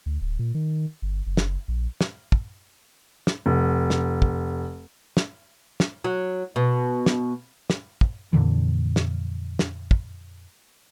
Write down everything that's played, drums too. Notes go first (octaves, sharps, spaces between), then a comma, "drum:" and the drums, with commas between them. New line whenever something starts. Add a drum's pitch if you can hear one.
D2
D1
A#2
D#3
G1
F#1
drum: snare
A#1
drum: snare
drum: kick
drum: snare
F1
drum: snare
drum: kick
drum: snare
drum: snare
F#3
B2
drum: snare
drum: snare
drum: kick
F2 A#2 D3 E3
drum: snare
drum: snare
drum: kick